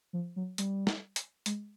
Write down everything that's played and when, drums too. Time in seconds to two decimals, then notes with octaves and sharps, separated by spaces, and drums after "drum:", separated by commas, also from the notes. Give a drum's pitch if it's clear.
0.13 F3
0.36 F#3
0.58 G3, drum: hi-hat
0.87 drum: snare
1.16 drum: hi-hat
1.46 G#3, drum: hi-hat